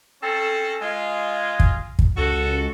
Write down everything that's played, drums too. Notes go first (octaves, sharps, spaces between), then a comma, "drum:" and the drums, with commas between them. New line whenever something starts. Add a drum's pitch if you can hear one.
C4 C#4 A4
G#3 F4
drum: kick
drum: kick
C#2 F#4 A4